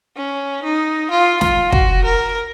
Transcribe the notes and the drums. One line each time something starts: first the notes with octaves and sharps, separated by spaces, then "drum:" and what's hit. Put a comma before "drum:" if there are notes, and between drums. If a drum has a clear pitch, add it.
C#4
D#4
F4
F4, drum: snare
F#4, drum: kick
A#4